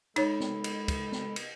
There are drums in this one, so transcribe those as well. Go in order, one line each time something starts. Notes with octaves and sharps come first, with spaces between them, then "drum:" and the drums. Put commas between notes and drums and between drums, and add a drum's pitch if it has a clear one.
G#3 D#4 A4 C#5 B5, drum: cymbal
drum: snare
drum: cymbal
drum: kick, cymbal
drum: snare
drum: cymbal